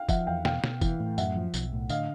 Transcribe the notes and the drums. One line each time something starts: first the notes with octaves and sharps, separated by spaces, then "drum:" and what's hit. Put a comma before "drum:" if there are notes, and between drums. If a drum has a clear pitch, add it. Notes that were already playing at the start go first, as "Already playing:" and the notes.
Already playing: F5 G5
F3 E5 F#5, drum: kick F1, tambourine
E2 F5 G5
B2 F5 G5, drum: snare
B2, drum: snare
E3, drum: kick F1, tambourine
A2
F#2 E5 F#5, drum: tambourine
F3
B1, drum: tambourine
A2
D3 D#5 F5, drum: tambourine